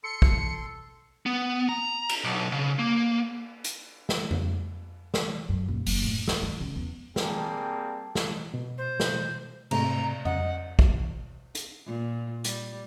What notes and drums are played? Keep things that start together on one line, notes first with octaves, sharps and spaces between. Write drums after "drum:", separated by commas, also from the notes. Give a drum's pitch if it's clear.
A4 C6 C#7
drum: kick
B3
A#5
drum: cymbal
B1
C#3
A#3
drum: hi-hat
drum: snare
drum: tom F2
drum: snare
F#2
D#1
F#1, drum: open hi-hat
A2
D#2, drum: snare
G2
C#3
E2
G3 A#3 C4 G#4 G5 A5, drum: snare
drum: snare
B2
C5
drum: snare
G#2 C3 A3 A#5, drum: cymbal
D#5 F#5, drum: tom F2
drum: kick
drum: hi-hat
A#2
G3, drum: hi-hat